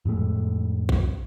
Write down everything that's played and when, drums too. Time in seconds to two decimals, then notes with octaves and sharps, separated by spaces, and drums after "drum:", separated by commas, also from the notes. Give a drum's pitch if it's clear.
0.05 F2 A2 G#3 A3
0.89 drum: kick A#1